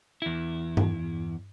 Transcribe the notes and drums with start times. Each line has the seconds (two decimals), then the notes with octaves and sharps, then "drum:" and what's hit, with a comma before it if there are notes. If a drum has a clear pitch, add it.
0.22 E2 E4
0.77 drum: tom G2